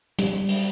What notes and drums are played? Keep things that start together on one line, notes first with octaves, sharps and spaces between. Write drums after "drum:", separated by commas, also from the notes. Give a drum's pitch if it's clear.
G3, drum: hi-hat
drum: open hi-hat